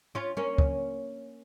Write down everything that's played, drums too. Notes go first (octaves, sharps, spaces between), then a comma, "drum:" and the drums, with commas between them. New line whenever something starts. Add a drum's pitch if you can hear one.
C#4 F4
A#3 C#4
drum: kick